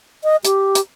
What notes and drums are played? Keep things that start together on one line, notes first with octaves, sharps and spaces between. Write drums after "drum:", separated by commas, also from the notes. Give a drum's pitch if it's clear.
D#5
G4, drum: hi-hat
drum: hi-hat